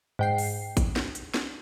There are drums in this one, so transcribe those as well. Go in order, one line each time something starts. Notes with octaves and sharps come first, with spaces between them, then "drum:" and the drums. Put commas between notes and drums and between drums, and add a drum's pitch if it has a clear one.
G#2 G5 C7
drum: open hi-hat
drum: kick A1, hi-hat
drum: snare
drum: hi-hat
drum: snare